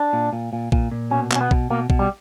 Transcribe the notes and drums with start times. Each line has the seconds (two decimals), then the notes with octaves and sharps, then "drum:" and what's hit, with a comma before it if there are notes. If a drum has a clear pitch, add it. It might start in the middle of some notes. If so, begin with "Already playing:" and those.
Already playing: D4
0.13 A#2
0.33 A#2
0.53 A#2
0.72 A#2, drum: kick A#1
0.92 A#2
1.11 B2 C#4
1.32 B2 C#4, drum: clap
1.41 B3
1.51 B2, drum: kick A#1
1.70 B2 A#3
1.90 B2, drum: kick A#1
1.99 G3